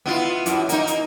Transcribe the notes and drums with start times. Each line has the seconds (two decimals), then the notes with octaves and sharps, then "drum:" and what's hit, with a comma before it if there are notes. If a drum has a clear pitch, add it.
0.05 B3 E4 F4
0.46 F#2 E4, drum: hi-hat
0.69 A#3 D#4, drum: hi-hat
0.87 drum: hi-hat